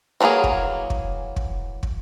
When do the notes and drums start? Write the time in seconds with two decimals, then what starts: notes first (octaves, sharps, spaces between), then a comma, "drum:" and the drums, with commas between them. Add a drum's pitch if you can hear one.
0.21 E3 F#3 A3 A#3 G#4
0.44 drum: kick
0.90 drum: kick
1.36 drum: kick
1.83 drum: kick